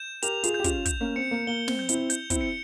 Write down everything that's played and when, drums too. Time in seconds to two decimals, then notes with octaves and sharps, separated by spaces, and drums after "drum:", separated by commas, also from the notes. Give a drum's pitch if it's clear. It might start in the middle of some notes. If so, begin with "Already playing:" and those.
Already playing: G6 E7
0.22 G4 A#4 F7, drum: hi-hat
0.44 F4 G#4, drum: hi-hat
0.54 G6
0.60 G4
0.64 C#4 F4, drum: kick, hi-hat
0.85 G6, drum: kick, hi-hat
1.01 A#3 C#4
1.16 C4 C#7
1.31 A#3
1.47 A#3 G7
1.68 C4, drum: snare
1.79 G6
1.89 C4 E4, drum: hi-hat
2.10 G6, drum: hi-hat
2.30 C4 E4, drum: kick, hi-hat
2.41 C#7